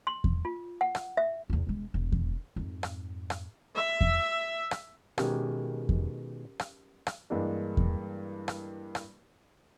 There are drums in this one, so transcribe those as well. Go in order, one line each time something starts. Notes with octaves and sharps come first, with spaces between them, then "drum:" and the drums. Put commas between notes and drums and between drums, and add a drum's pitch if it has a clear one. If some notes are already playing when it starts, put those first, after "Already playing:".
C6
drum: kick E2
F4
F#5
drum: rim click
E5
F1 E2
E1 G#3
E1
drum: kick E2
F2 G#2
drum: rim click
drum: rim click
E5
drum: kick E2
drum: rim click
B2 D#3 G#3 C#4 G4 A#4, drum: rim click
drum: kick E2
drum: rim click
drum: rim click
G2 E3 G#3 A#3 D4
drum: kick E2
drum: rim click
drum: rim click